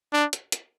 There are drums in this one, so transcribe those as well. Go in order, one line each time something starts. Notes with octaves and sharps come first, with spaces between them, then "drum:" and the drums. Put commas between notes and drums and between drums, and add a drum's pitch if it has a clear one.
D4
drum: hi-hat
drum: hi-hat